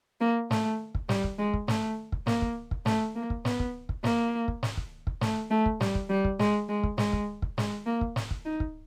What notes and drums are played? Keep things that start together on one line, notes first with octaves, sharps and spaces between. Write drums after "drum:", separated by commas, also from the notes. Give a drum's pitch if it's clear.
A#3
A3, drum: snare
drum: kick
G3, drum: snare
drum: kick
G#3
drum: kick
A3, drum: snare
drum: kick
A#3, drum: snare
drum: kick
drum: kick
A3, drum: snare
A#3
drum: kick
B3, drum: snare
drum: kick
drum: kick
A#3, drum: snare
drum: kick
drum: snare
drum: kick
drum: kick
A3, drum: snare
A3
drum: kick
G3, drum: snare
drum: kick
G3
drum: kick
G#3, drum: snare
G#3
drum: kick
G#3, drum: snare
drum: kick
drum: kick
G#3, drum: snare
A#3
drum: kick
drum: snare
drum: kick
D#4
drum: kick